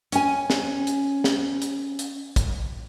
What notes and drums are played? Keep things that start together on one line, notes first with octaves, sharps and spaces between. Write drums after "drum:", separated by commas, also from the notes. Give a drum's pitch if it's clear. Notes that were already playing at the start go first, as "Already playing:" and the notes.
C#4 G#5, drum: hi-hat
drum: snare
drum: hi-hat
drum: snare
drum: hi-hat
drum: hi-hat
drum: kick, hi-hat